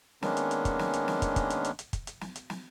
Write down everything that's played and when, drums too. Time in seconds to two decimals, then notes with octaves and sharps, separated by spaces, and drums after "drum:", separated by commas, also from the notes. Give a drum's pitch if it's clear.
0.22 D#3 G#3 A#3 B3 C#4 D4, drum: snare
0.37 drum: hi-hat
0.51 drum: hi-hat
0.65 drum: kick, hi-hat
0.79 drum: snare
0.93 drum: hi-hat
1.08 drum: snare
1.22 drum: kick, hi-hat
1.36 drum: kick, hi-hat
1.50 drum: hi-hat
1.65 drum: hi-hat
1.79 drum: hi-hat
1.93 drum: kick, hi-hat
2.07 drum: hi-hat
2.21 drum: snare
2.36 drum: hi-hat
2.50 drum: snare